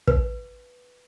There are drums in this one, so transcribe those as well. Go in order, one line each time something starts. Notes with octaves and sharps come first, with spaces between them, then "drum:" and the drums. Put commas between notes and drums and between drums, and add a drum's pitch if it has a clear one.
B4, drum: kick